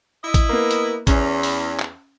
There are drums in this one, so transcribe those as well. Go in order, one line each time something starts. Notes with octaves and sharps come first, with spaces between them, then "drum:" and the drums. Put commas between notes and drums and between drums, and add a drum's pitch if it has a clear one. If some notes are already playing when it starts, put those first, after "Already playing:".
E4 D#5
drum: kick A1, hi-hat
A#3 B3
drum: hi-hat
E2 C#4, drum: kick A1, hi-hat
drum: open hi-hat
drum: clap